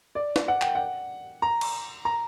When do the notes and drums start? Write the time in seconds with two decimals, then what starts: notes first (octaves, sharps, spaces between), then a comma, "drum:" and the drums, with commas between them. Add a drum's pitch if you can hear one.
0.15 D5
0.36 drum: snare
0.48 F#5
0.61 G5, drum: clap
0.75 F#5
1.42 A#5
1.61 drum: cymbal
2.05 A#5